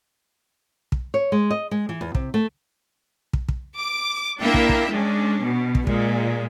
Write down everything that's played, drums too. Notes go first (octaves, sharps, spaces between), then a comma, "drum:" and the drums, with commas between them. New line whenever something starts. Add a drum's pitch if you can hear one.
drum: kick
C#5
G#3
D#5
G#3
E3
E2
C3, drum: kick
A3
drum: kick
drum: kick
D6
A#3 D4 E4 A#4 E5 G5
drum: kick
drum: kick
G#3 C#4 D4
B2
drum: kick
A#2 G#3, drum: kick